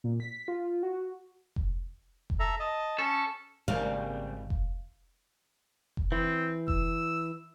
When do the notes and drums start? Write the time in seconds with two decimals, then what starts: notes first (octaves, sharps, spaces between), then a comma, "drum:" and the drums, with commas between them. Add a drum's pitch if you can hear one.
0.04 A#2
0.20 B6
0.48 F4
0.83 F#4
1.56 drum: kick F1
2.30 drum: kick F1
2.40 A4 E5 A#5
2.59 D#5 A5
2.99 C#4 A4 C#6
3.68 G#1 C#3 G3 A#3 F5
4.50 drum: kick F1
5.97 drum: kick F1
6.12 E3 C4
6.68 E6, drum: kick F1